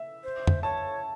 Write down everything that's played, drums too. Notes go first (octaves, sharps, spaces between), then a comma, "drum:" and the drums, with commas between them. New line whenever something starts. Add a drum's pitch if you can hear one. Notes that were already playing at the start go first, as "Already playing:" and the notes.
Already playing: E5
C5
drum: tom F2
C#5 A5